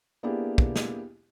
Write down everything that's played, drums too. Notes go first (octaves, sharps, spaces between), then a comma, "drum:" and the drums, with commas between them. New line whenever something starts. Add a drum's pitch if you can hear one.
A#3 B3 D4 E4 G4 G#4
drum: kick
drum: snare